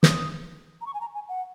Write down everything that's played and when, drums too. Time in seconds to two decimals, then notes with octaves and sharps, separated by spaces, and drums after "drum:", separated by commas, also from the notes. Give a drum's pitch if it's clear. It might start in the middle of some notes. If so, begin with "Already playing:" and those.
0.03 D#6, drum: snare
0.81 A#5
0.86 C#6
0.94 G#5
1.01 A#5
1.15 G#5
1.29 F#5